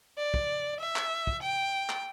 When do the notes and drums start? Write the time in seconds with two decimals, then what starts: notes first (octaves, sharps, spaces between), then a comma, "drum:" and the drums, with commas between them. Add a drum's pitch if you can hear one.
0.18 D5
0.34 drum: kick
0.80 E5
0.96 drum: clap
1.27 drum: kick
1.43 G5
1.90 drum: clap